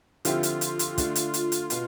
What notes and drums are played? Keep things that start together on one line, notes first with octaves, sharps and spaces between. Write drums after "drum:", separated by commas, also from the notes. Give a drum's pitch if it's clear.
D3 F3 C4 E4 F4 G4, drum: hi-hat
drum: hi-hat
drum: hi-hat
drum: hi-hat
D3 A3 D4, drum: kick, hi-hat
drum: hi-hat
drum: hi-hat
drum: hi-hat
B2 F4, drum: hi-hat